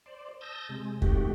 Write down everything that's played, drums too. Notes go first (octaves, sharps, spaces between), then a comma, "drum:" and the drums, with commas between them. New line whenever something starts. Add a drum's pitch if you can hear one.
C5 D5
A5 D#6 E6 G6 A#6
C3 G#3
G#2 C3 D#3 A3 F#4 G4, drum: kick